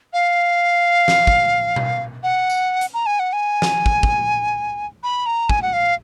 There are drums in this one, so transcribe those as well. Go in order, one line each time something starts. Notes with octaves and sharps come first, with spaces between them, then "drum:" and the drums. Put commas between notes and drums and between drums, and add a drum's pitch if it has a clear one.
F5
drum: snare
drum: kick
drum: tom B2
F#5
drum: tambourine
drum: hi-hat
A#5
G#5
F#5
G#5
drum: snare
drum: kick
drum: kick
B5
A#5
G#5, drum: kick
F#5
F5